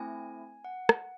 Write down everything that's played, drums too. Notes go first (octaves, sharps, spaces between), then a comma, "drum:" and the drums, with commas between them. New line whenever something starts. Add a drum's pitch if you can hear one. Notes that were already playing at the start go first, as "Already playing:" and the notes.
Already playing: A3 C4 E4 G#5
F#5
drum: rim click